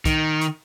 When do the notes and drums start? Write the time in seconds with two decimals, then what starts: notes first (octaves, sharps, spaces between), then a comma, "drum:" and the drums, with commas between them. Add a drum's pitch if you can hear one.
0.05 D#3, drum: kick C2, hi-hat
0.41 drum: hi-hat